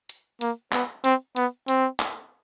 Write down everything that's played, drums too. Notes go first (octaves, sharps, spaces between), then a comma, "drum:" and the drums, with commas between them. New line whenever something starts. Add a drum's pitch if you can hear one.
drum: hi-hat
A#3, drum: hi-hat
B3, drum: clap
C4, drum: hi-hat
B3, drum: hi-hat
C4, drum: hi-hat
drum: clap